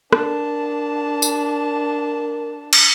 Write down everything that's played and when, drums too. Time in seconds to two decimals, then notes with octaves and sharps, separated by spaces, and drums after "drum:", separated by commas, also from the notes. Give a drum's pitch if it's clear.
0.13 D4 A#4 A5, drum: rim click
1.22 drum: tambourine
2.73 drum: cymbal